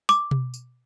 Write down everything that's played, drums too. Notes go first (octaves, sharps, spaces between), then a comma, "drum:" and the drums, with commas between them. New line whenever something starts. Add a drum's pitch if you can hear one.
D6, drum: tambourine
drum: tom B2
drum: tambourine